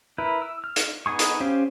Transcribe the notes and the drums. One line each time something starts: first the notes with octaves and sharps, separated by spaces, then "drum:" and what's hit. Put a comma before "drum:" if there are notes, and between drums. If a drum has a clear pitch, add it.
E4 A#4 B4
E6
F6
drum: hi-hat
B3 D#4 G#4 C#6
drum: hi-hat
C#4 G4 C5 F5